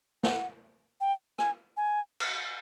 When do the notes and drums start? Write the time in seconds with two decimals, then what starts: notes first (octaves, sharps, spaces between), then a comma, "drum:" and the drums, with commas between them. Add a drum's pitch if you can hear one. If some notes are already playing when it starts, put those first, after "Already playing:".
0.23 F#5, drum: snare
1.00 G5
1.38 G#5, drum: rim click
1.77 G#5
2.20 drum: cymbal